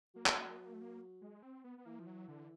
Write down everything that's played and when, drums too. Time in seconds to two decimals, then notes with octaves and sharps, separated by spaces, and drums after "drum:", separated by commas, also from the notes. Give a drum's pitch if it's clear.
0.15 F#3 A#3
0.26 drum: clap
0.57 B3
0.66 A#3
0.74 A3
0.81 A#3
1.21 G#3
1.43 C4
1.64 B3
1.78 B3
1.85 E3 A#3
1.99 F3
2.07 F#3
2.28 D3